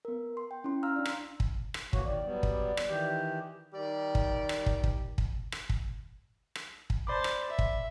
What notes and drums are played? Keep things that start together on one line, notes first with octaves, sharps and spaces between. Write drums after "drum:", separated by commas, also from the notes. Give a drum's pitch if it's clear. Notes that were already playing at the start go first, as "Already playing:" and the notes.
B3 A#4
C6
G5
C#4 E4 C6
F5 A#5 E6 F6
D4 D5
drum: rim click
drum: kick
drum: rim click
E3 A#3 F#4 C#5, drum: kick
D#3 D5
F#3 G3 B3
drum: kick
drum: rim click
D#3 E3 G4
D#3 G3 G4 D5
drum: kick
drum: rim click
drum: kick
drum: kick
drum: kick
drum: rim click
drum: kick
drum: rim click
drum: kick
C5 D5 A5 B5 D6
drum: rim click
E5
drum: kick